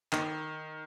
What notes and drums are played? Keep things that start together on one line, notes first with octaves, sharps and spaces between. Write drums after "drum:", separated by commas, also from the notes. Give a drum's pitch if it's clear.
D#3, drum: clap